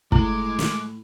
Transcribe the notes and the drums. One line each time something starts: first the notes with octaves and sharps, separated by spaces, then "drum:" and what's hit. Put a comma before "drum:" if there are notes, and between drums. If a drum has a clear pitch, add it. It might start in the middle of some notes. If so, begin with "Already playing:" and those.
A2 G#3 E4 D6, drum: kick
drum: snare